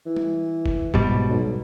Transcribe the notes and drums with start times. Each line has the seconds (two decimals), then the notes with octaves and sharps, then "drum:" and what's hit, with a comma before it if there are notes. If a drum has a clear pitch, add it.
0.06 E3
0.17 drum: tom G3
0.66 drum: kick
0.94 G#2 B2 G3, drum: kick
1.29 B1